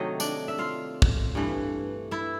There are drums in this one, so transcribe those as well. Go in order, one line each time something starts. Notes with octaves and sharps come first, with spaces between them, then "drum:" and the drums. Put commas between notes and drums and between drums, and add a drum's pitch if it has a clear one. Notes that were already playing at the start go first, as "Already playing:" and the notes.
Already playing: C3 D#3 F#3 A3 D#4 D#5
D4 D5, drum: tambourine
E5
F4 F5
drum: kick
G2 E3 A3
E4 E5